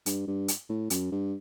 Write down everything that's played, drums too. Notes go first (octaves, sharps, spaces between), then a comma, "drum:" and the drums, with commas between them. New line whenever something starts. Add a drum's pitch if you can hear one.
G2, drum: hi-hat
G2
drum: hi-hat
A2
F#2, drum: hi-hat
G2